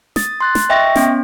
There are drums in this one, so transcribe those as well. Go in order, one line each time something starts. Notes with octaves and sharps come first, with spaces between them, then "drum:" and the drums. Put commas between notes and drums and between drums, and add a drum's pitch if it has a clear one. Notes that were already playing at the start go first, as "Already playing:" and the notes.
D#6 A6, drum: snare
C6 F#6 A6
drum: snare
D#5 E5 G5 C#6 A#6
B3 C#4, drum: snare